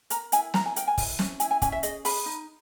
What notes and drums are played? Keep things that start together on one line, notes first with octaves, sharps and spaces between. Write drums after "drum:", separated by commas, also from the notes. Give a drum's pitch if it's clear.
A#4 A#5, drum: hi-hat
E4 G#5, drum: hi-hat
A#4 A#5, drum: snare
G#5
A#4 G5, drum: hi-hat
G#5
E4, drum: kick, open hi-hat
C#4, drum: snare
E4 G#5, drum: hi-hat
G#5
C#4 G#5, drum: kick, hi-hat
E5
G#4 D#5, drum: hi-hat
G#4 B5, drum: open hi-hat
D#4